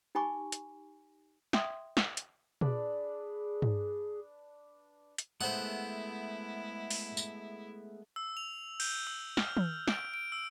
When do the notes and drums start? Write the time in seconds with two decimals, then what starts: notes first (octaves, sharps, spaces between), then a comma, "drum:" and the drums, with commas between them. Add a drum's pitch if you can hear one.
0.15 D#4 G4 G#5 B5 C#6 D6
0.52 drum: hi-hat
1.53 E5 G5 C6 D#6 G#6, drum: snare
1.97 drum: snare
2.17 drum: hi-hat
2.61 D4 G#4 B4 D5, drum: tom
3.62 drum: tom
5.18 drum: hi-hat
5.41 G#3 A3 B3 E4 C5 F#5
6.90 drum: open hi-hat
7.17 drum: tambourine
8.16 E6
8.37 F7
8.80 G6, drum: cymbal
9.07 E6
9.37 F6, drum: snare
9.57 drum: tom
9.88 D7, drum: snare
10.14 D7
10.32 E6